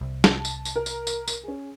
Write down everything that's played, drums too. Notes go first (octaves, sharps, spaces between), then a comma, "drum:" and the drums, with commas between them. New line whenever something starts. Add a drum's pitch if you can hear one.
C2
A5, drum: snare
drum: tambourine
drum: tambourine
A#4
drum: tambourine
drum: tambourine
drum: tambourine
C#4 G#4